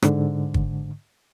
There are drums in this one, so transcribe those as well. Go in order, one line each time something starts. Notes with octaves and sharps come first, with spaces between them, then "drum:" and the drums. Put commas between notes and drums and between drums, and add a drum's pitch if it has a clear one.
G#2 D3, drum: rim click
drum: kick